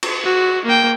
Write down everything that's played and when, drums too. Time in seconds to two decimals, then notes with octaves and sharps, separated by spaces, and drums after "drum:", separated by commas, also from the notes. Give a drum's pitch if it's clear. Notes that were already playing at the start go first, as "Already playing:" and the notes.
0.03 drum: cymbal
0.24 F#4
0.65 A#3 G5